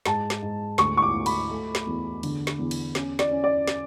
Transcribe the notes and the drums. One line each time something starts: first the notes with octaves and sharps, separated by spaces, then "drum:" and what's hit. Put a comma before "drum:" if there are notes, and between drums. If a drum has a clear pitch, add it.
G#2 A5, drum: snare
drum: snare
G#2
D2 C#6, drum: snare
C#6
D6
D2
B5, drum: cymbal
A3
drum: snare
E2
D3, drum: cymbal
drum: snare
E2
drum: cymbal
C#4, drum: snare
D5, drum: snare
C#4
D5
drum: snare